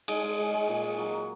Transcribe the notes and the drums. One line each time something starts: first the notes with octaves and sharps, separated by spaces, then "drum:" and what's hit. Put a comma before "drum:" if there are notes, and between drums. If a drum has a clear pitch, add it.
G#3 G#4, drum: cymbal
G#3
G#3
G#3
A#2
G#3
F#3
F#3